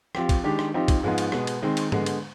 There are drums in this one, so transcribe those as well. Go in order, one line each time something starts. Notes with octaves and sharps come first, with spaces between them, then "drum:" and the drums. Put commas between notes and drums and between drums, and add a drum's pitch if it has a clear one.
F3 C4 G4, drum: rim click
drum: kick, cymbal
D#3 G#3 D4 G4
drum: rim click
F3 C4 D#4 G4
drum: kick, cymbal
G#2 F3 G#3 B3 D#4
drum: cymbal
B2 G#3 B3, drum: rim click
drum: cymbal
D#3 G#3 C4
drum: cymbal
D3 G#3 B3, drum: tom G#2
drum: cymbal